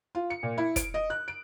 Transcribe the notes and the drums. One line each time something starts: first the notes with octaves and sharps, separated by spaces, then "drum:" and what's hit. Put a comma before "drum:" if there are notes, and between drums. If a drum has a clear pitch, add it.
F4
C#7
A#2
E4
D7, drum: kick, hi-hat
D#5
F#6
D7